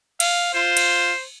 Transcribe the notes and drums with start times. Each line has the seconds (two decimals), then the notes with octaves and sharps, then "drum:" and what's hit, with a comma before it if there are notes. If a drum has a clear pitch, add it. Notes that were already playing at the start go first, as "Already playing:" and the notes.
0.20 F5, drum: cymbal
0.54 F4 C5
0.77 drum: cymbal